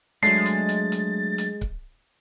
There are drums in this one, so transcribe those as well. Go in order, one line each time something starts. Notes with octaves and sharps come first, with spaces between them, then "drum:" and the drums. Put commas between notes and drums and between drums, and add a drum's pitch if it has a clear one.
F#3 G#3 A3 D4 A6 C7
drum: hi-hat
drum: hi-hat
drum: hi-hat
drum: hi-hat
drum: kick C#1